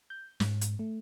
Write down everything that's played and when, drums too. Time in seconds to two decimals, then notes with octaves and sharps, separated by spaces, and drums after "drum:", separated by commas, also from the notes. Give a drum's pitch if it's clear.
0.10 G6
0.40 G#2, drum: snare
0.61 drum: hi-hat
0.79 A3